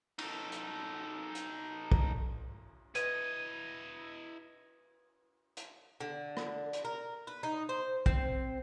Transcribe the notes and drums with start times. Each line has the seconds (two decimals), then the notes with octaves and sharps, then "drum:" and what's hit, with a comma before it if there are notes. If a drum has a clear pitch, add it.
0.19 D#4 A4, drum: cymbal
0.52 drum: hi-hat
1.35 drum: hi-hat
1.92 drum: kick
2.95 E4 B4 D#5 G#6 D#7, drum: hi-hat
5.57 drum: hi-hat
6.01 D3
6.37 drum: rim click
6.73 drum: hi-hat
6.85 A#4
7.27 B4
7.43 D#4
7.69 C5
8.06 C4, drum: kick